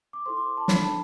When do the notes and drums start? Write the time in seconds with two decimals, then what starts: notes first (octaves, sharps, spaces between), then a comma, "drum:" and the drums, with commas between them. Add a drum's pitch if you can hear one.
0.13 D6
0.26 E4 A4 C5 C6
0.37 D6
0.47 C6
0.57 A5
0.68 D4 A4 C5 B5, drum: snare
0.82 A5